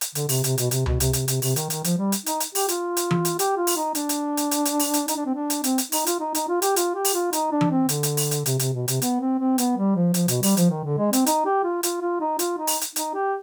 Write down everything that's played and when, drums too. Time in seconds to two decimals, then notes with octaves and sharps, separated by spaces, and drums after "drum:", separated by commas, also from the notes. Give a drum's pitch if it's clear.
0.01 drum: hi-hat
0.15 D3, drum: hi-hat
0.29 C3, drum: open hi-hat
0.44 C3, drum: hi-hat
0.58 B2, drum: hi-hat
0.71 C3, drum: hi-hat
0.86 B2, drum: tom C#2
1.00 C3, drum: hi-hat
1.13 C3, drum: hi-hat
1.28 C3, drum: hi-hat
1.42 C3, drum: open hi-hat
1.56 D#3, drum: hi-hat
1.70 D#3, drum: hi-hat
1.84 F3, drum: hi-hat
1.98 G3
2.12 drum: hi-hat
2.26 D#4, drum: hi-hat
2.40 drum: hi-hat
2.55 G4, drum: open hi-hat
2.68 F4, drum: hi-hat
2.97 drum: hi-hat
3.11 drum: tom E3
3.25 drum: hi-hat
3.39 G4, drum: hi-hat
3.57 F4
3.67 drum: open hi-hat
3.77 D#4
3.95 D4, drum: hi-hat
4.09 drum: hi-hat
4.37 drum: hi-hat
4.51 drum: hi-hat
4.65 drum: hi-hat
4.79 drum: open hi-hat
4.93 drum: hi-hat
5.08 D#4, drum: hi-hat
5.16 D4
5.26 C4
5.34 D4
5.50 drum: hi-hat
5.64 C4, drum: hi-hat
5.78 drum: hi-hat
5.92 D#4, drum: open hi-hat
6.06 F4, drum: hi-hat
6.20 D#4
6.35 D#4, drum: hi-hat
6.49 F4
6.62 G4, drum: hi-hat
6.76 F4, drum: hi-hat
6.95 G4
7.05 drum: open hi-hat
7.14 F4
7.33 D#4, drum: hi-hat
7.52 D4
7.61 drum: tom E3
7.70 C4
7.89 D3, drum: hi-hat
8.03 drum: hi-hat
8.17 drum: open hi-hat
8.31 drum: hi-hat
8.46 C3, drum: hi-hat
8.59 C3, drum: hi-hat
8.74 B2
8.88 C3, drum: hi-hat
9.02 B3, drum: hi-hat
9.21 C4
9.39 C4
9.58 B3, drum: hi-hat
9.77 G3
9.96 F3
10.14 F3, drum: hi-hat
10.28 B2, drum: hi-hat
10.43 G3, drum: open hi-hat
10.57 F3, drum: hi-hat
10.70 D#3
10.85 D3
10.98 G#3
11.13 C4, drum: hi-hat
11.26 D#4, drum: hi-hat
11.46 G4
11.64 F4
11.83 F4, drum: hi-hat
12.01 F4
12.21 D#4
12.39 F4, drum: hi-hat
12.58 D#4
12.67 drum: open hi-hat
12.81 drum: hi-hat
12.96 D#4, drum: hi-hat
13.14 G4